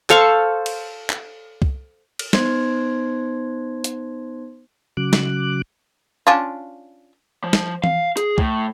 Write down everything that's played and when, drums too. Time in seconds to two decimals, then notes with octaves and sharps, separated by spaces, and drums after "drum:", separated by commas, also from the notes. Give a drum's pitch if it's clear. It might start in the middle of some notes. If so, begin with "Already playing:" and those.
0.10 A4 C5 F5 C#6, drum: clap
0.66 drum: cymbal
1.10 drum: clap
1.62 drum: kick
2.19 drum: cymbal
2.33 B3 D#4 C5 C6 G#6, drum: snare
3.84 drum: hi-hat
4.97 C#3 F#3 D6 F#6
5.13 drum: snare
6.27 C#4 D4 F4
7.44 F3
7.53 drum: snare
7.84 F5, drum: tom E3
8.17 G#4, drum: hi-hat
8.38 A2, drum: kick